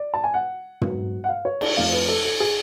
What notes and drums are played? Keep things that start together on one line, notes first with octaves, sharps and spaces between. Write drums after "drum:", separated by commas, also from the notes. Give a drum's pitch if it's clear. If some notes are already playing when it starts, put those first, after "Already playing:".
Already playing: D5
A5
G#5
F#5
G#2 F#3 B3, drum: tom
F#5
F5
C#5
D5, drum: cymbal
F2 F3 A3 F5
B4
A4
A4
G#4